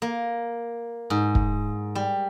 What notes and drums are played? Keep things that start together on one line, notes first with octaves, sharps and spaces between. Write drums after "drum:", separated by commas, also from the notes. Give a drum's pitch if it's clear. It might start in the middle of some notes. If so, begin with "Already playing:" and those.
A#3
G#2
drum: kick
G3